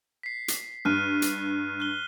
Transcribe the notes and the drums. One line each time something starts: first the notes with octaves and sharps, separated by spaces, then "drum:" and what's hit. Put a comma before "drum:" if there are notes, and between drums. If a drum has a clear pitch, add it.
B6 C7
drum: hi-hat
G2 F6 F#6 D#7
drum: hi-hat
F#6 G7